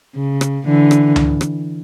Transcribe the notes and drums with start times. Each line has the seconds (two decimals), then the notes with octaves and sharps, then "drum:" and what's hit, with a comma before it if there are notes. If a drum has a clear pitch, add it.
0.16 C#3
0.41 drum: rim click
0.65 D3 E3
0.91 drum: rim click
1.16 drum: tom C#2
1.41 drum: rim click